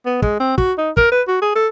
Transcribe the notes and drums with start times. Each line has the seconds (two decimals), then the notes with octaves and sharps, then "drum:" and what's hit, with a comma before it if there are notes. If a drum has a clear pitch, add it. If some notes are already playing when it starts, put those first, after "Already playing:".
0.06 B3
0.22 G#3, drum: kick
0.40 C4
0.58 F#4, drum: kick
0.78 D#4
0.97 A#4, drum: kick
1.12 B4
1.28 F#4
1.42 G#4
1.55 A4